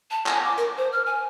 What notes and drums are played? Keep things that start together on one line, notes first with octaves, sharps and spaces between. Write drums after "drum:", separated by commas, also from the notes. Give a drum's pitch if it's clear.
A5
G#5, drum: clap
D6
A#4, drum: hi-hat
C5
F6
G#5